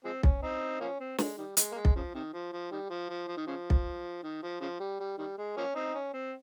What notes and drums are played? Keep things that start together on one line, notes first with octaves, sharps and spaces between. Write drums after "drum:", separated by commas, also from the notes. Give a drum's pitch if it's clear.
F3 G#3 C4
C#4, drum: kick B1
C4 D#4
F3 A#3 C#4
C4
G#3, drum: snare
D#3 G3
G#3, drum: hi-hat
A#3
G#3
drum: kick B1
C#3 F3
C3 D#3
F3
F3
D#3 G3
F3
F3
F3
D#3
C#3 F3
drum: kick B1
D#3
F3
C#3 F3
G3
G3
D#3 G3
G#3
F3 A#3 C#4
C4 D#4
C#4
C4